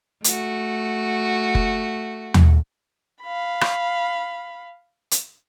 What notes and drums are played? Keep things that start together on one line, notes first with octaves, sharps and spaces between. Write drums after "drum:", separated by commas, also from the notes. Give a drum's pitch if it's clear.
A3 F#4, drum: hi-hat
drum: kick F1
drum: tom
F5 B5
drum: rim click
drum: hi-hat